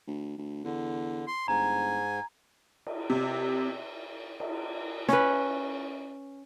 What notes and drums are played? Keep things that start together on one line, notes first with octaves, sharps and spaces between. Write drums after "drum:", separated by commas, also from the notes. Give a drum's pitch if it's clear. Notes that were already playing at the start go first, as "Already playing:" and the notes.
D2
D2
E2 D3
C6
G1 G#2 G#5 A#5
drum: cymbal
C3
drum: cymbal
C#4 B4, drum: snare